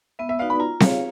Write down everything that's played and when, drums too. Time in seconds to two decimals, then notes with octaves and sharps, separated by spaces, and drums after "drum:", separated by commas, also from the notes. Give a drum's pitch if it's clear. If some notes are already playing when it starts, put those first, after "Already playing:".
0.19 B3 E5
0.29 E5
0.39 D#4 F#4 B4 D5 F5
0.50 B5
0.60 F4 A#5
0.80 G#4 C#5 F5, drum: snare C4